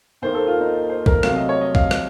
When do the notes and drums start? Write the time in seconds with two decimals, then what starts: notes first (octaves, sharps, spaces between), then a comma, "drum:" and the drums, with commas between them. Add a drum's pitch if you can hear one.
0.22 D#2 D#3 A#3 C5
0.34 A4
0.47 F4
0.61 D#4
0.89 C5
1.06 A#4, drum: kick B1
1.23 C2 C3 F#3 A3 F5, drum: rim click
1.36 D#5
1.49 C#5
1.61 D#5
1.75 F5, drum: kick B1
1.91 drum: rim click